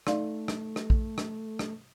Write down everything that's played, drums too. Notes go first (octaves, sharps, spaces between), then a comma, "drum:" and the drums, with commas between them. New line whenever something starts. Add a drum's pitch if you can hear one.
A3 D#4 D5 F5, drum: rim click
drum: rim click
drum: rim click
drum: kick
drum: rim click
drum: rim click